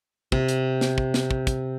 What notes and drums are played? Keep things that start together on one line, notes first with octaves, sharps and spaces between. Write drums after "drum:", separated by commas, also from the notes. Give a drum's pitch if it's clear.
C3, drum: kick
drum: hi-hat
drum: snare
drum: kick
drum: snare
drum: kick
drum: kick, hi-hat